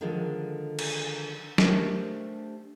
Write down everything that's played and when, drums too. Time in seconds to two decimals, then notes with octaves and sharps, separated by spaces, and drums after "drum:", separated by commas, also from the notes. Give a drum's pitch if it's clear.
0.01 D3 D#3 F3 G#3 G#4 A4
0.79 drum: cymbal
1.58 A3 D4 G4 A#4 C5 D#5, drum: snare